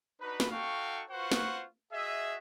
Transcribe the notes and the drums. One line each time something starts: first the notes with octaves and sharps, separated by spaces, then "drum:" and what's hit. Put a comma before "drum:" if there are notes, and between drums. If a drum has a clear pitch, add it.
D4 D#4 F#4 B4
drum: snare
D#4 F#4 A4 F5 G5 C#6
F4 F#4 B4 C5 F#5 C#6
drum: snare
F#4 G#4 D#5 E5